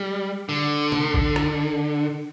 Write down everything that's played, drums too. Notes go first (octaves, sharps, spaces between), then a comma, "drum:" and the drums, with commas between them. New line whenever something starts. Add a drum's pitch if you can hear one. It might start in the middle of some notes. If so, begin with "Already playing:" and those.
Already playing: G3
D3
drum: tom
drum: kick A1
drum: rim click